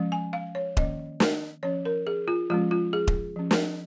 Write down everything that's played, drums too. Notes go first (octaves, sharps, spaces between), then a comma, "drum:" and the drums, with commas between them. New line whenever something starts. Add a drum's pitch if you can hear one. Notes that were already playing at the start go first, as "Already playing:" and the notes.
Already playing: F3 G#3 C#4
G#5
F5
C#5
D#3 A#3 C#4 D#5, drum: kick D#1
drum: snare
F3 C#4 C#5
A#4
G#4
F4
F3 G#3 C#4 F4
F4
G#4
drum: kick D#1
F3 C#4
drum: snare